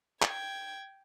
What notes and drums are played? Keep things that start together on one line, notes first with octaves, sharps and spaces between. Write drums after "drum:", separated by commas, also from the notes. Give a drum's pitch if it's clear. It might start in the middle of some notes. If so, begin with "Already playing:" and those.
G5 G#6, drum: clap